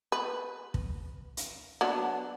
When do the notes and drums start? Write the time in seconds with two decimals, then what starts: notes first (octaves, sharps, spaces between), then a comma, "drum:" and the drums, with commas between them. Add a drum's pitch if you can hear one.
0.12 B4
0.74 drum: kick
1.37 drum: hi-hat
1.81 F#3 B3 D4